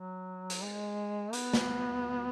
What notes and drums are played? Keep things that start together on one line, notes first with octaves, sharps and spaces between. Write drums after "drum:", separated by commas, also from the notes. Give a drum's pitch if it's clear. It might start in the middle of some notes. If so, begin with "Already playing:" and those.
Already playing: F#3
drum: hi-hat
G#3
B3, drum: hi-hat
drum: snare